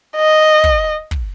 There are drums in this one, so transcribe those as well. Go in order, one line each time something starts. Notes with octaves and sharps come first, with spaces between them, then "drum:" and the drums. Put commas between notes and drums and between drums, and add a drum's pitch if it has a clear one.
D#5
drum: kick
drum: kick